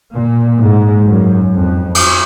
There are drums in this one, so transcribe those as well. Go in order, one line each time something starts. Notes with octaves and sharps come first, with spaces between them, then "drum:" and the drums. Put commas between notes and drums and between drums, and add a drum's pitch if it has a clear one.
A#2
G#2
F#2
F2
drum: cymbal